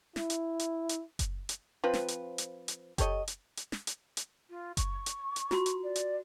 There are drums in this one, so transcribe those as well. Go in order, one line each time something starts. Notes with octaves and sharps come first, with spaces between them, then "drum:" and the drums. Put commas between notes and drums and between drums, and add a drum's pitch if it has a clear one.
E4, drum: snare
drum: hi-hat
drum: hi-hat
drum: hi-hat
drum: kick F#1, hi-hat
drum: hi-hat
F3 C4 F4 B4
drum: snare
drum: hi-hat
drum: hi-hat
drum: hi-hat
G4 A4 C#5 D#5, drum: kick F#1, hi-hat
drum: hi-hat
drum: hi-hat
drum: snare
drum: hi-hat
drum: hi-hat
F4
C#6, drum: kick F#1, hi-hat
drum: hi-hat
drum: hi-hat
F4 F#4 C6, drum: snare
drum: hi-hat
D5
drum: hi-hat